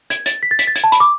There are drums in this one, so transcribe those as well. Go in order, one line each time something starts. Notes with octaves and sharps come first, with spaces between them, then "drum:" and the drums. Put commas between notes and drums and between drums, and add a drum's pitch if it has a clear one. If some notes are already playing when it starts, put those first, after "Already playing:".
G#6, drum: hi-hat
A6, drum: hi-hat
B6
A6
B6, drum: hi-hat
A6
G#6, drum: hi-hat
A5
B5, drum: hi-hat
D6